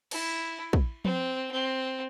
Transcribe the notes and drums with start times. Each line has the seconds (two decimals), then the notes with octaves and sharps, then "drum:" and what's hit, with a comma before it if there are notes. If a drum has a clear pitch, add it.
0.11 E4, drum: cymbal
0.73 drum: kick
1.05 C4, drum: tom F3
1.51 C4